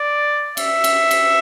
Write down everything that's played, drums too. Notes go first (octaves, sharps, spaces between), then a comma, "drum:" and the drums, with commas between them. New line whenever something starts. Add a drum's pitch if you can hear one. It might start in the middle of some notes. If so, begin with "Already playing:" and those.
Already playing: D5
E5, drum: cymbal
drum: cymbal
drum: cymbal